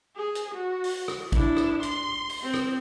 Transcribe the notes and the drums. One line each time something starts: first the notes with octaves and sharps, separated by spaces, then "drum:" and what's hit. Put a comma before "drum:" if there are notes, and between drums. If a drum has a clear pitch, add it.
G#4
drum: hi-hat
F#4
drum: open hi-hat
drum: rim click
D4 E4, drum: kick G#1, hi-hat
drum: rim click
C6, drum: hi-hat
drum: open hi-hat
C4
drum: rim click